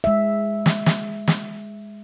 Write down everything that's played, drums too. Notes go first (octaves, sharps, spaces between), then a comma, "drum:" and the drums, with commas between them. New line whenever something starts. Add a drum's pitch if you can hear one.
G#3 E5
drum: snare
drum: snare
drum: snare